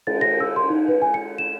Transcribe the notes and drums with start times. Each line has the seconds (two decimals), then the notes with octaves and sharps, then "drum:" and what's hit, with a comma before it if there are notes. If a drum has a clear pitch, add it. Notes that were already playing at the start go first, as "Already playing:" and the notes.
0.07 A6, drum: cymbal
0.21 A#6
0.40 E6
0.56 C6
0.70 D#4
0.88 B4
1.02 G#5
1.14 C#7
1.38 E7